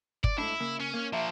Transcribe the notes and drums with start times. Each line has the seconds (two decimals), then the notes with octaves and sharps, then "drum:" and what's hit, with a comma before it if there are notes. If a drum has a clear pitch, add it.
0.24 D5, drum: kick G1
0.38 G#2 A3 D4 E4
0.60 C#3 A#3
0.80 C#4
0.94 A#3
1.13 F3 A#3 E5